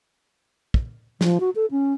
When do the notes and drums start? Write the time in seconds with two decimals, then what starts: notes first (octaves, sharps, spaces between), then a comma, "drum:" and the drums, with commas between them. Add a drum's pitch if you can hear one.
0.74 drum: kick
1.21 F3, drum: snare
1.40 F#4
1.55 A4
1.71 C#4